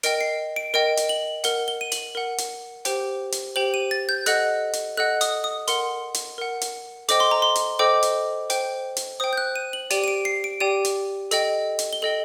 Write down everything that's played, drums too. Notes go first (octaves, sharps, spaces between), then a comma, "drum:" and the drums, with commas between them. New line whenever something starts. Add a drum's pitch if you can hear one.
A#4 D#5 G5 D7, drum: hi-hat
C7
D7
A#4 D#5 G5 D7
drum: hi-hat
F#7
A#4 F#5 G7, drum: hi-hat
G7
D#7
F#7, drum: hi-hat
A#4 F#5
drum: hi-hat
G4 C5 G5, drum: hi-hat
drum: hi-hat
G4 C5 G5 F#7
D#7
A6
G6
A4 D#5 F#5 F#6, drum: hi-hat
drum: hi-hat
A4 D#5 F#5 F#6
D#6, drum: hi-hat
D#6
A#4 F#5 C6, drum: hi-hat
drum: hi-hat
A#4 F#5
drum: hi-hat
A4 C5 D#5 G5 D6, drum: hi-hat
C6
A#5
C6
drum: hi-hat
A4 C5 D#5 G5 D6
drum: hi-hat
C5 G5, drum: hi-hat
drum: hi-hat
C5 G5 D#6
G6
F#6
D#7
F#7
G4 D5 G5 D#7, drum: hi-hat
D#7
D7
C7
D7
G4 D5 G5 D#7
drum: hi-hat
A4 D#5 G5, drum: hi-hat
drum: hi-hat
G7
A4 D#5 G5 F#7